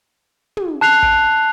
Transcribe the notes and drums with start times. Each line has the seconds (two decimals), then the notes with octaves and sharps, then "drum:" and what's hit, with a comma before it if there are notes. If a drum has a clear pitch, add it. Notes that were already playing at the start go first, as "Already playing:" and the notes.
0.57 drum: tom
0.81 A5 F#6 C7 F7
1.02 drum: kick